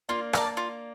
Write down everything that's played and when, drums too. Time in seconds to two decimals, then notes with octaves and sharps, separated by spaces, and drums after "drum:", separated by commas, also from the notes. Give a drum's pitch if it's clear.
0.09 A#3 D4 F4
0.33 A#4 D5 A5, drum: rim click
0.57 F4